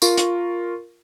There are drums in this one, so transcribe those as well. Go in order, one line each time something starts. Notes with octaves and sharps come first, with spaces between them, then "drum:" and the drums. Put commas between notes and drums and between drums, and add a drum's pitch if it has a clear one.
F4 A#4 C#6, drum: tambourine
drum: hi-hat